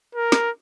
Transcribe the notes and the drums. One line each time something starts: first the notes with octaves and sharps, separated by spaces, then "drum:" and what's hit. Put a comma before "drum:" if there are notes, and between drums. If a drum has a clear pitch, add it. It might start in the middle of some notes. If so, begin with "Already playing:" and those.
A#4
drum: snare